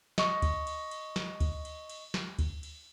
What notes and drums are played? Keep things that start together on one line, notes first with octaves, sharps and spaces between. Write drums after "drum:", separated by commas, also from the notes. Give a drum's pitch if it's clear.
D#5 C#6, drum: snare
drum: kick D2, cymbal
drum: cymbal
drum: cymbal
drum: snare
drum: kick D2, cymbal
drum: cymbal
drum: cymbal
drum: snare
drum: kick D2, cymbal
drum: cymbal